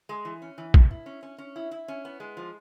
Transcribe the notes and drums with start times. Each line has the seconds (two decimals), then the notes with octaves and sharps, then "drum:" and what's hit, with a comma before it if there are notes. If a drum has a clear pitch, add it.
0.09 G#3
0.25 E3
0.42 C#4
0.58 E3
0.74 B2, drum: kick
0.91 E4
1.06 C#4
1.23 C#4
1.38 C#4
1.56 E4
1.71 E4
1.88 C#4
2.05 B3
2.20 G#3
2.37 F3